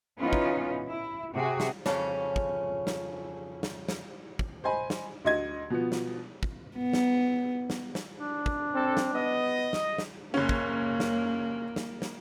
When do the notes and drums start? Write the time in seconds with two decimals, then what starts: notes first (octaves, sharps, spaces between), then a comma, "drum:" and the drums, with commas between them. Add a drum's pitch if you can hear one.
0.19 E3 B3 C#4 D#4 F4
0.33 drum: kick
0.89 E4
1.34 C3 F#4 G#4
1.60 drum: snare
1.86 F2 C#3 C#4, drum: snare
2.36 drum: kick
2.87 drum: snare
3.63 drum: snare
3.88 drum: snare
4.39 drum: kick
4.64 C5 D#5 G#5 B5
4.90 drum: snare
5.25 D2 D#5 G#6
5.70 B2 F3 B3
5.92 drum: snare
6.43 drum: kick
6.77 B3
6.93 drum: snare
7.70 drum: snare
7.95 drum: snare
8.16 D4
8.46 drum: kick
8.75 C4 A4
8.97 drum: snare
9.14 B3 D#5
9.73 drum: snare
9.98 drum: snare
10.34 F#1 A#3 C#4
10.49 drum: kick
11.00 drum: snare
11.76 drum: snare
12.02 drum: snare